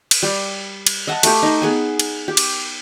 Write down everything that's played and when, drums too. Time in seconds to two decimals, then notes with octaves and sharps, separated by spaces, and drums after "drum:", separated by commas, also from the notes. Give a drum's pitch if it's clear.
0.11 drum: cymbal
0.23 G3
0.87 drum: cymbal
1.07 D#5 E5 F#5 A5
1.23 A3 G4, drum: cymbal
1.43 D#4
1.62 B3 G#4 G#5
1.99 drum: cymbal
2.28 G4
2.37 drum: cymbal